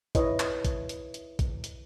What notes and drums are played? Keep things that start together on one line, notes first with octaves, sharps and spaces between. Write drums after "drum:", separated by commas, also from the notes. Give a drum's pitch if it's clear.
E4 B4 C#5 D#5, drum: kick A#1, hi-hat
drum: clap
drum: kick A#1, hi-hat
drum: hi-hat
drum: hi-hat
drum: kick A#1, hi-hat
drum: hi-hat